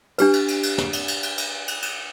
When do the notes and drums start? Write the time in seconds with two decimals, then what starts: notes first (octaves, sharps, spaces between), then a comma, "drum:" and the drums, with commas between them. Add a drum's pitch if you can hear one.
0.18 D4 G4 B4, drum: cymbal
0.33 drum: cymbal
0.48 drum: cymbal
0.63 drum: cymbal
0.78 drum: snare
0.93 drum: cymbal
1.08 drum: cymbal
1.23 drum: cymbal
1.38 drum: cymbal
1.68 drum: cymbal
1.82 drum: cymbal